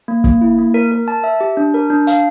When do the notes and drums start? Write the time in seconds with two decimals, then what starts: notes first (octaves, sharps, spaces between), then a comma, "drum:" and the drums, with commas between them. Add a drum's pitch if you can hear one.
0.08 A#3
0.24 A#3, drum: kick
0.41 E4
0.58 A#3
0.74 A#4
0.91 A#4
1.08 A5
1.24 E5
1.41 G4
1.57 D4
1.74 A#4
1.90 D4
2.07 F5, drum: hi-hat